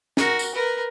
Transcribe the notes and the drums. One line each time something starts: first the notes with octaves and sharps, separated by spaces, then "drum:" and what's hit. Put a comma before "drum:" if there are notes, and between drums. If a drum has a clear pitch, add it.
F#4 A#4, drum: snare
drum: tambourine
A#4 B4